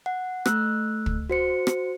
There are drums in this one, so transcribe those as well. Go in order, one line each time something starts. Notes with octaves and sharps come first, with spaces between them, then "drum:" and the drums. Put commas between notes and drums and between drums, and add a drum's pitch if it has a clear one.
F#5
A3 E6 F#6, drum: rim click
drum: kick
F#4 C5 C#7
drum: rim click